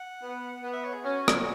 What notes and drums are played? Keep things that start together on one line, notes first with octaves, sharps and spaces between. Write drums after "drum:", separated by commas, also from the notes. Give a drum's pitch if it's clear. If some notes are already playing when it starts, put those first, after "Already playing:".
Already playing: F#5
B3
B3
E5
C#5
G#4
C#4 F#4
drum: rim click